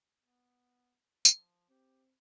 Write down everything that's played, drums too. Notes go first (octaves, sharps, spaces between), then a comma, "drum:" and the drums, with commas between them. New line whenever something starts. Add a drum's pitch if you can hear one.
B3
F3, drum: tambourine
C4 G4